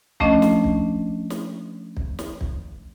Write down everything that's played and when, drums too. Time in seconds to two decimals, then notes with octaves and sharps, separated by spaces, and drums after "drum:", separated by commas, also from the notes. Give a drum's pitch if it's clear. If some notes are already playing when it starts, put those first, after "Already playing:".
0.20 F3 A3 C#4 D4 D#5, drum: kick
0.42 drum: snare
0.64 drum: kick
1.30 drum: snare
1.97 drum: kick
2.19 drum: snare
2.41 drum: kick